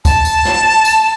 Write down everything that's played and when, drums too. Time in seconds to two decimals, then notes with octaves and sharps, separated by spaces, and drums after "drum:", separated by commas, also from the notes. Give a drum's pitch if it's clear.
0.05 A5, drum: kick, tambourine
0.25 drum: tambourine
0.45 drum: snare
0.85 drum: tambourine